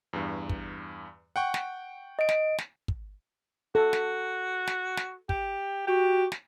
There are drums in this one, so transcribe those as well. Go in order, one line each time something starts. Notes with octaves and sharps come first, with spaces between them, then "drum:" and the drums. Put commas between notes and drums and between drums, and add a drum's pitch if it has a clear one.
E2 G2
drum: kick
F#5 G5 C#6
drum: snare
D#5 D7
drum: snare
drum: snare
drum: kick
F#4 A4
drum: snare
drum: snare
drum: snare
G4, drum: kick
F#4 G4
drum: snare